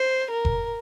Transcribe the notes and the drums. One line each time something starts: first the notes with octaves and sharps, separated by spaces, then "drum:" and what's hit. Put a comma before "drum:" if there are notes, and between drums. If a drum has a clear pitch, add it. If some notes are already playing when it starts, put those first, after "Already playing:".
Already playing: C5
A#4
drum: kick F1